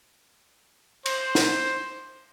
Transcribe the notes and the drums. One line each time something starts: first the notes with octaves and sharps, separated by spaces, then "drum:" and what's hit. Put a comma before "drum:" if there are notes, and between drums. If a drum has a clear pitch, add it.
C5, drum: cymbal
drum: snare